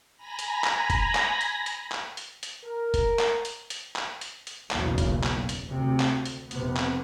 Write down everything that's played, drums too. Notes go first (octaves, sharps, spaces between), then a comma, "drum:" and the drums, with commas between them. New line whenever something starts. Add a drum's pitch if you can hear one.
G#5 A#5 B5 A#6
drum: hi-hat
drum: clap
drum: kick F1, hi-hat
drum: clap
drum: hi-hat
drum: hi-hat
drum: clap
drum: hi-hat
drum: hi-hat
A#4
drum: kick F1, hi-hat
drum: clap
drum: hi-hat
drum: hi-hat
drum: clap
drum: hi-hat
drum: hi-hat
F#1 B1 E2 C#3 A#3, drum: clap
drum: kick F1, hi-hat
drum: clap
drum: hi-hat
D2 C3
drum: clap
drum: hi-hat
F1 C3 B3, drum: hi-hat
drum: clap